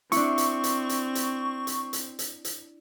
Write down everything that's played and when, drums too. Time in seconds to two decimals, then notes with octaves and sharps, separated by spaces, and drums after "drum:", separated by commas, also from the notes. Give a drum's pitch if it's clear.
0.12 C4 D4 E4 C#6, drum: hi-hat
0.38 drum: hi-hat
0.64 drum: hi-hat
0.89 drum: hi-hat
1.15 drum: hi-hat
1.67 drum: hi-hat
1.93 drum: hi-hat
2.19 drum: hi-hat
2.45 drum: hi-hat